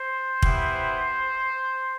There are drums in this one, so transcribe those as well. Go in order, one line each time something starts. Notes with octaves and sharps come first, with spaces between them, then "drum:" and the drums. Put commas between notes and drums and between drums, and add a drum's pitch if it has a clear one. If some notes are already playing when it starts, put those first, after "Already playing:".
Already playing: C5
B3 E4 G4, drum: kick